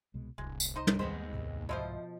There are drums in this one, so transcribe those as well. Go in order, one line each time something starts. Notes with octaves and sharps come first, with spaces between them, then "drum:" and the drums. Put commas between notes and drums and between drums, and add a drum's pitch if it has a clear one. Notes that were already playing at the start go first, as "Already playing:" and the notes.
C2 B2 G#3
D1 C2 G#3
drum: tambourine
D#4 C5 D#5
drum: tom
D#2 G#3 B3 C4 C5
C2 G#2
B2 F3 E4 F4 C5 D#5